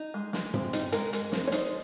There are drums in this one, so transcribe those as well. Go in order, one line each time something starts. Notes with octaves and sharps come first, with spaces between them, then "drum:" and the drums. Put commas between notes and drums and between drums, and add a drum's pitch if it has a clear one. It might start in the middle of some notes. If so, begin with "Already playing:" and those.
Already playing: D#4
G#3
G#3, drum: snare
C4, drum: tom G2
D#4, drum: hi-hat
G#3 A#4, drum: hi-hat
G#3, drum: hi-hat
C4, drum: snare
C#5
D#4 C5, drum: hi-hat